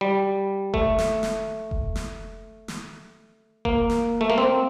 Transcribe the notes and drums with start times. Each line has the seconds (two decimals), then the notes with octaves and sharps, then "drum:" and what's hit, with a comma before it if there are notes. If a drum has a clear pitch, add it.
0.01 G3
0.74 A3, drum: kick F1
0.98 drum: snare
1.23 drum: snare
1.71 drum: kick F1
1.95 drum: snare
2.68 drum: snare
3.65 A#3, drum: kick F1
3.90 drum: snare
4.21 A3
4.30 A#3
4.38 C4